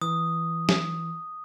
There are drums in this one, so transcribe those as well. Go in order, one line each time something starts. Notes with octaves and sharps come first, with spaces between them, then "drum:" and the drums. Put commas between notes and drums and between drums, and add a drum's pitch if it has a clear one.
E3 D#6
drum: snare